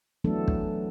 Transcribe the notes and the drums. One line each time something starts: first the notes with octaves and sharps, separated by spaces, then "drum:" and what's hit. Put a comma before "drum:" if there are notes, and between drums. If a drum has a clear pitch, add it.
E3 F#3 A3 B3 D4 A4
drum: kick